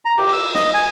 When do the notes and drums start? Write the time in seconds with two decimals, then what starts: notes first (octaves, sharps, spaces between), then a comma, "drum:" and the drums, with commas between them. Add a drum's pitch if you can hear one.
0.05 A#5
0.18 G4, drum: cymbal
0.32 E6
0.55 D#5, drum: snare
0.74 G#5